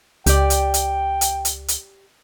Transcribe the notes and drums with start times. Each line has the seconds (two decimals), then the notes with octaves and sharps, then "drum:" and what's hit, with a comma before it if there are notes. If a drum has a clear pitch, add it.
0.26 C#2 G4 D5 G5, drum: hi-hat
0.50 drum: hi-hat
0.74 drum: hi-hat
1.21 drum: hi-hat
1.45 drum: hi-hat
1.68 drum: hi-hat